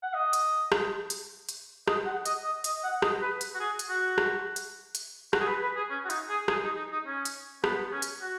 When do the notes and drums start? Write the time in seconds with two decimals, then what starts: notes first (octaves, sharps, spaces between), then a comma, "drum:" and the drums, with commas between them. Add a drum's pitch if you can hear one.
0.03 F#5
0.14 D#5
0.33 drum: hi-hat
0.72 drum: rim click
1.10 drum: hi-hat
1.49 drum: hi-hat
1.88 D#5, drum: rim click
2.06 F#5
2.26 D#5, drum: hi-hat
2.44 D#5
2.64 D#5, drum: hi-hat
2.79 D#5
2.84 F#5
3.02 D#5, drum: rim click
3.22 B4
3.41 drum: hi-hat
3.55 F#4
3.60 G#4
3.79 drum: hi-hat
3.89 F#4
4.18 drum: rim click
4.56 drum: hi-hat
4.95 drum: hi-hat
5.33 F#4, drum: rim click
5.41 G#4
5.47 B4
5.62 B4
5.76 G#4
5.90 C#4
6.04 F#4
6.10 D#4, drum: hi-hat
6.29 G#4
6.48 G#4, drum: rim click
6.63 D#4
6.77 D#4
6.92 D#4
7.07 C#4
7.25 drum: hi-hat
7.64 B3, drum: rim click
7.92 C#4
8.02 drum: hi-hat
8.22 F#4